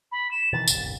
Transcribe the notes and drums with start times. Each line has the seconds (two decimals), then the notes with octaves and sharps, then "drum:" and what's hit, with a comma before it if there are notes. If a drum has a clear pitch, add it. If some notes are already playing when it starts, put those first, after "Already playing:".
0.12 B5
0.31 E7
0.53 B2 D#3 E3 A6
0.68 D1 G1 C2, drum: tambourine